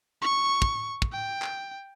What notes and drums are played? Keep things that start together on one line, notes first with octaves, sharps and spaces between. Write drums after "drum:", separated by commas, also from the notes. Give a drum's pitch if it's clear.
C#6
drum: kick
drum: kick
G5
drum: clap